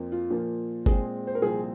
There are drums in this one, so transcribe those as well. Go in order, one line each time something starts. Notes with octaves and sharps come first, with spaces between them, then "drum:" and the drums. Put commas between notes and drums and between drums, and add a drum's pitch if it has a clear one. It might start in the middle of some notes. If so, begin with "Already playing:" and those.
Already playing: F2 F3 A#3
F4
A#2 F3 A#3
A#2 G#3 C4 G#4, drum: kick G1
C5
A#4
C2 A#2 F3 C4 G#4